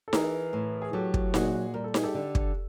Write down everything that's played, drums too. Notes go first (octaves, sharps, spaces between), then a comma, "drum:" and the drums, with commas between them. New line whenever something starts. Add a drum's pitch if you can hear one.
A4
E3 G#4 A#4, drum: snare D#4
A2
G#4
F#3 G4 A4
drum: kick
A#2 F#4 G#4, drum: snare D#4
G3 A#4
A4
G#4, drum: snare D#4
G4 A4
D3
drum: kick